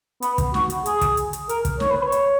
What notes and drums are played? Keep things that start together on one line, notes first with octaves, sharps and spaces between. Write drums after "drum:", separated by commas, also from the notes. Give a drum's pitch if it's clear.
B3, drum: hi-hat
drum: kick, hi-hat
F#4, drum: snare
drum: hi-hat
G#4, drum: hi-hat
drum: kick, hi-hat
drum: hi-hat
drum: hi-hat
A#4, drum: hi-hat
drum: kick, hi-hat
C#5, drum: snare
B4
C#5
drum: hi-hat